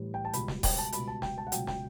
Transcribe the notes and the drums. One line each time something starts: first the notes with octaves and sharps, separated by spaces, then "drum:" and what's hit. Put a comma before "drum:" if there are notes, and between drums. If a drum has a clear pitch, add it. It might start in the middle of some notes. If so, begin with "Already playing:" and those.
Already playing: A2 E3 G3
G5
A5
C#2 B2 G3 B5, drum: hi-hat
drum: snare
G5, drum: kick D#1, open hi-hat
A5
C#2 B2 G3 B5, drum: hi-hat
A5
G5, drum: snare
A5
F#5
C#2 B2 F#3 G5, drum: hi-hat
G5, drum: snare